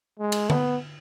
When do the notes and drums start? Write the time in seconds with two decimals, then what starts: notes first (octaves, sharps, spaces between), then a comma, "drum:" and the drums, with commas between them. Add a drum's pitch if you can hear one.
0.20 G#3
0.32 drum: cymbal
0.50 B3, drum: tom D3